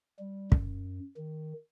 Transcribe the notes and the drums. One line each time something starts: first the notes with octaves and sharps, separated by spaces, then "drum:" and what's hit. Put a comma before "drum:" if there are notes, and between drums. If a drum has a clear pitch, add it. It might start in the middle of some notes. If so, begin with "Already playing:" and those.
G3
F#2, drum: kick
D#3